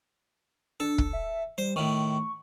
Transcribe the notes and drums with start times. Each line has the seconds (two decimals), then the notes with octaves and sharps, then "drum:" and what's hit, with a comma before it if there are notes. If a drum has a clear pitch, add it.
0.80 D4 A4
0.98 drum: kick
1.13 E5
1.58 G3 C5
1.76 A2 D#3 C#6